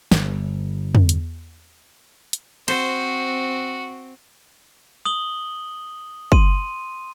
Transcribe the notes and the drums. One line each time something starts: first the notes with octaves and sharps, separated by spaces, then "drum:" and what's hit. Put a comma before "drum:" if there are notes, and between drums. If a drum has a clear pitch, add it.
G1, drum: snare
drum: tom
drum: hi-hat
drum: hi-hat
C4 F#4 C5, drum: cymbal
D#6 F#7 G7
C6 D#7, drum: kick